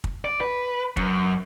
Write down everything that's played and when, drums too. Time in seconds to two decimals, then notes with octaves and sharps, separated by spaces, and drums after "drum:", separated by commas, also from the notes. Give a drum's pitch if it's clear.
0.04 drum: kick
0.25 D5
0.41 B4
0.97 F#2, drum: kick